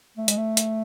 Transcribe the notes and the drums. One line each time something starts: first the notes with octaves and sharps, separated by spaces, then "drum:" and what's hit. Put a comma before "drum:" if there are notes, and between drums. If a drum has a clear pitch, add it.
A3
G#3, drum: hi-hat
A3
drum: hi-hat